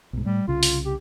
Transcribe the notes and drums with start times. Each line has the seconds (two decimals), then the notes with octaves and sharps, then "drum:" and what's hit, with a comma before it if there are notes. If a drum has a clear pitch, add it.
0.13 B1 G#2
0.26 A2 G3
0.48 C2 C#3 F4
0.63 drum: open hi-hat
0.85 G4